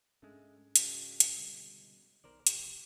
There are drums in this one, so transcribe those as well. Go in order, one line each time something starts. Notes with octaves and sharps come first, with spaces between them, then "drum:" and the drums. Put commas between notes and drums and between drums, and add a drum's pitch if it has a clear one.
G#2 G#3 A3 C#4 D4
C#3 G#3 F#4, drum: hi-hat
drum: hi-hat
B2 D3 G3
B1 B2 D#3 A#4 C5 D5
G1 C#2 F#2 G4, drum: hi-hat